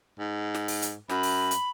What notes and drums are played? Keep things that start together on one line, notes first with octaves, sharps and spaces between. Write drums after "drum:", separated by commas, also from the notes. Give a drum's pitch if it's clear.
G#2
drum: snare
drum: open hi-hat
drum: hi-hat
F#2 B5, drum: snare
drum: open hi-hat
drum: hi-hat